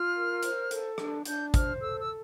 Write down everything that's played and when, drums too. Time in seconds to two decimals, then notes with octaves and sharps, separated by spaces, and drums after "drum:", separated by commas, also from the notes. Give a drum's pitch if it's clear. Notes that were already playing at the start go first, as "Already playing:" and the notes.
Already playing: F4 F6
0.16 A#4
0.43 C5, drum: hi-hat
0.71 A4, drum: hi-hat
0.98 D4, drum: rim click
1.25 D4 G6, drum: hi-hat
1.54 C5 F6, drum: kick, hi-hat
1.81 A4 E6
1.99 E6